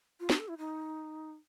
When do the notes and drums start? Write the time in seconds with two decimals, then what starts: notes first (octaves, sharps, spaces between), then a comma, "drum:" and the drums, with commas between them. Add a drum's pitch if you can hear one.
0.20 F4
0.30 F#4, drum: snare
0.39 A4
0.48 E4
0.58 D#4